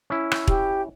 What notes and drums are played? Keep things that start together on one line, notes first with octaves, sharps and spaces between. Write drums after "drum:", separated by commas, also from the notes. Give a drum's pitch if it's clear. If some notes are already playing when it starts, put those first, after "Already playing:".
C#4 E4
drum: rim click
G4, drum: kick